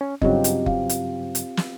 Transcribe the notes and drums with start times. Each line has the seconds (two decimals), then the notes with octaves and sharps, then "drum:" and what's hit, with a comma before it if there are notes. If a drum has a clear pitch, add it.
0.01 C#4
0.22 G2 C#3 F#3 C4 F4 G4 D#5, drum: kick F#1
0.44 drum: hi-hat
0.66 F5, drum: kick F#1
0.89 drum: hi-hat
1.35 drum: hi-hat
1.57 drum: snare